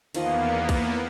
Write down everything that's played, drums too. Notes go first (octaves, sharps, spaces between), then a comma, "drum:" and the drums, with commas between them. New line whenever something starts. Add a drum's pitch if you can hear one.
E2 D#3 F3 A#3 B3 D#5, drum: cymbal
drum: kick, cymbal